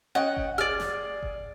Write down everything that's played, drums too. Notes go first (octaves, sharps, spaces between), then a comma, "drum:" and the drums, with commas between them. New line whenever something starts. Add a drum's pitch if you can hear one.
C#4 D#5 F#5 G5
drum: kick F#1
G#4 D5 F6
drum: snare
drum: kick F#1